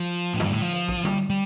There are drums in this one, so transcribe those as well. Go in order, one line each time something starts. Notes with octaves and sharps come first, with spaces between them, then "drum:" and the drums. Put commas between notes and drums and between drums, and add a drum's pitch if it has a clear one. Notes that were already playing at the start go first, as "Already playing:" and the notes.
Already playing: F3
A2
G2, drum: tom D3
A2
F3
drum: hi-hat
drum: kick
G3, drum: tom D3
G3